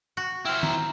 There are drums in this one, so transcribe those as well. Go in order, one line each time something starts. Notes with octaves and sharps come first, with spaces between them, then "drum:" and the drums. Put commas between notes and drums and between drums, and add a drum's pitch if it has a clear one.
F#4
E4 C5 G5 F6
A#5, drum: tom